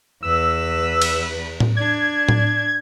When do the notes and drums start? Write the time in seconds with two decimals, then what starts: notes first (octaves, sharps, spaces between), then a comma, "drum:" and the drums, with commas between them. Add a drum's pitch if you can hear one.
0.23 E2 B4 E6
1.02 drum: cymbal
1.60 drum: tom A2
1.77 D4 G#6
2.29 drum: tom A2